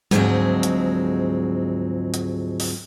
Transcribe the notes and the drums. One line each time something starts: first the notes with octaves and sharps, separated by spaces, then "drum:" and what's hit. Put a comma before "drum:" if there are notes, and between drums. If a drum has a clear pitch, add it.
D2 G#2 F3 F#3 G#3 C4, drum: tom G3
drum: hi-hat
drum: hi-hat
drum: open hi-hat